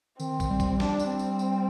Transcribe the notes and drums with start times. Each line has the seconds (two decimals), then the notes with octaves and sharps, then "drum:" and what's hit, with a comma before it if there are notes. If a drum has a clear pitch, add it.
0.20 D#3 C4, drum: tambourine
0.40 drum: kick, tambourine
0.50 G3
0.60 drum: kick, tambourine
0.80 D4, drum: snare
0.99 drum: tambourine
1.10 C4
1.19 drum: tambourine
1.39 drum: tambourine